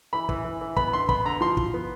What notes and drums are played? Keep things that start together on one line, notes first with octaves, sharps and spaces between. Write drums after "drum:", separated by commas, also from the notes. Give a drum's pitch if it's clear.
E3 B5
E3, drum: kick
E3
E3
B3 B5, drum: kick
D3 C6
B3 B5, drum: kick
D3 A#5
F3 C6
F3, drum: kick
B3